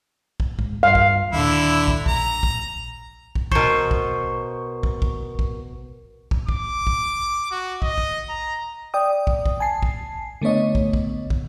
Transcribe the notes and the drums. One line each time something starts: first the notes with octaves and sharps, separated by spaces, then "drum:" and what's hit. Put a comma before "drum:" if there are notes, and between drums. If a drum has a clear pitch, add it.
drum: kick
G#2, drum: kick
G2 F5
drum: kick
D#2 A#2 D3 E4
drum: kick
A#1 A#5, drum: kick
drum: kick
drum: kick
B2 A#4 C5 C#6, drum: kick
drum: kick
drum: kick
drum: kick
drum: kick
drum: kick
D6, drum: kick
drum: kick
F#4
D#5, drum: kick
drum: kick
A#5
D5 G5 D#6
drum: kick
drum: kick
G#5 A5 C7
drum: kick
D3 A3 B3 C#5 D#5
drum: kick
drum: kick
drum: kick